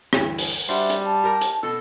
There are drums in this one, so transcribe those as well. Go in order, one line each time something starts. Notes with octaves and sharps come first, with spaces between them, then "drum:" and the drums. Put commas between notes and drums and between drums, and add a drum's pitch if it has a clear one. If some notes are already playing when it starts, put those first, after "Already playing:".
D2 G2 E3, drum: rim click
drum: open hi-hat
G3 D4 F#4 C5 E5
drum: hi-hat
A5
G4 A#4 A#5
drum: hi-hat
B2 A4